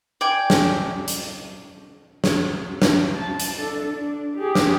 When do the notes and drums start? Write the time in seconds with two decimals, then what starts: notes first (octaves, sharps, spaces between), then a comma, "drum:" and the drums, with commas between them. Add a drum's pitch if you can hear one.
0.21 D5 G5 G#5
0.50 drum: snare
1.08 drum: hi-hat
2.24 drum: snare
2.82 drum: snare
3.14 A5
3.40 drum: hi-hat
3.58 D4 A4
3.92 D4
4.38 G4 G#4
4.55 drum: snare